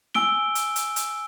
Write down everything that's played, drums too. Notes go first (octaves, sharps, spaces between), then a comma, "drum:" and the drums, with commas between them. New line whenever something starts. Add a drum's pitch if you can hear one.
G#5 E6 D7 G7, drum: snare
drum: hi-hat
drum: hi-hat
drum: hi-hat